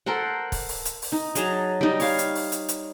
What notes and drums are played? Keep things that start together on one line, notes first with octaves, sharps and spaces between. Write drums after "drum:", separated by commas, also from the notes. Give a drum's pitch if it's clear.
A4 A#4 C5 F#5
drum: kick, open hi-hat
drum: open hi-hat
drum: hi-hat
drum: open hi-hat
D#4
F#3 G#4 A5 A#5, drum: hi-hat
G3 D#4
C#5 F5, drum: open hi-hat
drum: hi-hat
drum: open hi-hat
drum: hi-hat
drum: hi-hat